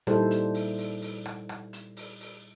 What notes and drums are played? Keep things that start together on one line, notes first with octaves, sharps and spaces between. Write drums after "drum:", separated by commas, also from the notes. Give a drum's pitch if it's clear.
A#2 G3 D#4 E4 A4 C5, drum: rim click
drum: hi-hat
drum: open hi-hat
drum: open hi-hat
drum: open hi-hat
drum: rim click
drum: rim click
drum: hi-hat
drum: open hi-hat
drum: open hi-hat